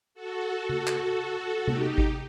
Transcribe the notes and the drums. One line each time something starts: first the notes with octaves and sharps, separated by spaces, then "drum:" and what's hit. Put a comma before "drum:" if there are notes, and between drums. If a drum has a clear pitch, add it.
F#4 A4
drum: tom C#3
drum: clap
D#4 G4, drum: tom C3
drum: kick G#1